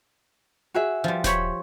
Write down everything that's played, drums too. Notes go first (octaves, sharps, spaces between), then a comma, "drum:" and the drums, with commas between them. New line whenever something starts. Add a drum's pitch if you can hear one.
F#4 G#4 E5
F3 G3
C5 C#5 B5, drum: snare D#1